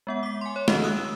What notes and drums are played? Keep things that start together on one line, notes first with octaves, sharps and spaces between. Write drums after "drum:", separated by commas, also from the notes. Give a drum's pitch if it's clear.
G#3 B3 F#5
D6 B6
G#5 C6
C#5
D#3 G#3 D4 F#4 A4 D#5, drum: snare
D#6 E6 F#6